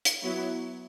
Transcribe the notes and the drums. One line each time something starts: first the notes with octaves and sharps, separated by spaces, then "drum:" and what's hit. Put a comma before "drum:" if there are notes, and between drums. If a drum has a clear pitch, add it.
drum: hi-hat
F#3 B3 E4